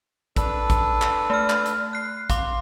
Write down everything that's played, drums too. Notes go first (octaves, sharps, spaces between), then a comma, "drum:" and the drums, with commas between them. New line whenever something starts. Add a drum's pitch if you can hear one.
D4 A4 B4, drum: kick A1, hi-hat
drum: kick A1, hi-hat
drum: clap
A3 F6
drum: clap
drum: hi-hat
F#6 C7
F5 C6 D6, drum: kick A1, hi-hat